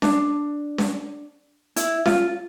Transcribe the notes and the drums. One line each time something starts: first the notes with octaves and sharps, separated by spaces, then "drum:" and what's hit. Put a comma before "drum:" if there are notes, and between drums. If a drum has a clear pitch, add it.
D4, drum: snare C#4
drum: snare C#4
E4, drum: hi-hat
F4, drum: snare C#4